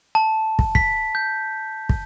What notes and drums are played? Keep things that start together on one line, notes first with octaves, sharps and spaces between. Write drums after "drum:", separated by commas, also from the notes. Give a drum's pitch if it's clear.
A5
drum: kick
B6, drum: kick
G6
drum: kick